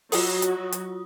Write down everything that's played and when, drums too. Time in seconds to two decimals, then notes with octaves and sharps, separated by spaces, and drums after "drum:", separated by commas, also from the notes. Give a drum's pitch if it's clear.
0.12 F#3 F4 F#4 D#6, drum: open hi-hat
0.42 drum: hi-hat
0.72 drum: hi-hat